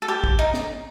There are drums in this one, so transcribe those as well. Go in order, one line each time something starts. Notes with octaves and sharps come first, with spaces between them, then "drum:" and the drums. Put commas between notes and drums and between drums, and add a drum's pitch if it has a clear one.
A4
G4
drum: kick
D#4
drum: snare